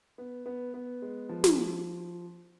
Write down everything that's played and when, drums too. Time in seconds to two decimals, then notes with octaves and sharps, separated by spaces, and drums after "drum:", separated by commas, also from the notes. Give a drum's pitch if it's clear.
0.18 B3
0.46 B3
0.74 B3
1.02 G#3
1.29 F3
1.44 drum: snare
1.58 F3